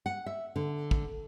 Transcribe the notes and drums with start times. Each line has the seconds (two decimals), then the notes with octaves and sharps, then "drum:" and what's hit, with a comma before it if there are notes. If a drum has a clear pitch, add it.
0.06 F#5
0.26 E5
0.56 D3
0.91 drum: kick